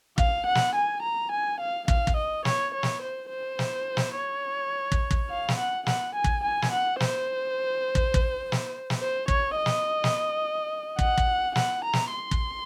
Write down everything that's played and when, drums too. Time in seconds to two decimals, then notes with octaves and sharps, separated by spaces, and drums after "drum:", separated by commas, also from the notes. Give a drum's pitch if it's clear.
0.18 F5, drum: kick
0.46 F#5
0.55 drum: snare
0.75 G#5
1.02 A#5
1.31 G#5
1.60 F5
1.88 F5, drum: kick
2.07 drum: kick
2.16 D#5
2.45 C#5, drum: snare
2.74 C#5
2.83 drum: snare
3.02 C5
3.30 C5
3.59 drum: snare
3.97 drum: snare
4.16 C#5
4.92 drum: kick
5.11 drum: kick
5.30 F5
5.48 drum: snare
5.59 F#5
5.86 F#5, drum: snare
6.15 G#5
6.24 drum: kick
6.44 G#5
6.62 drum: snare
6.72 F#5
7.00 C5, drum: snare
7.95 drum: kick
8.14 drum: kick
8.52 drum: snare
8.90 drum: snare
8.99 C5
9.28 C#5, drum: kick
9.57 D#5
9.66 drum: snare
10.04 drum: snare
10.99 F#5, drum: kick
11.18 drum: kick
11.56 F#5, drum: snare
11.84 A#5
11.93 drum: snare
12.13 C6
12.31 drum: kick